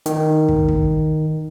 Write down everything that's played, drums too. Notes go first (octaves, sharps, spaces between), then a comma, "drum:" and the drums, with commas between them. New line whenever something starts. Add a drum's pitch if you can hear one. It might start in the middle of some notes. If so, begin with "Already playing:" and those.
D#3, drum: hi-hat
drum: kick
drum: kick